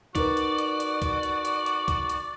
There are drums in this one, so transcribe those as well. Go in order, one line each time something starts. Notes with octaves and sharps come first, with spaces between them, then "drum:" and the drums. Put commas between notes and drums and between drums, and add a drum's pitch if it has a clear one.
D#4 F#4 A#4 B4 D5, drum: kick C2, hi-hat
drum: hi-hat
drum: hi-hat
drum: hi-hat
drum: kick C2, hi-hat
drum: hi-hat
drum: hi-hat
drum: hi-hat
drum: kick C2, hi-hat
drum: hi-hat